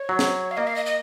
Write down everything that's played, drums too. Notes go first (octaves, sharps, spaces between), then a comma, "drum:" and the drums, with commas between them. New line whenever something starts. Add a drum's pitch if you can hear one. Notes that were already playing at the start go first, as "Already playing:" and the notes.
Already playing: C#5
F#3
drum: snare
F5
A#3 D#5
F5
D#5
D#5